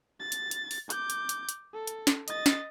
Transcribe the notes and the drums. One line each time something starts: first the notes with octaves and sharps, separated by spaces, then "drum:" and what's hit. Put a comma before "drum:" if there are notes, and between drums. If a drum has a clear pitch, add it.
A6
drum: hi-hat
drum: hi-hat
drum: open hi-hat
D6 G6, drum: hi-hat
drum: hi-hat
drum: hi-hat
drum: hi-hat
A4
drum: hi-hat
drum: snare
D#5 A6, drum: hi-hat
drum: snare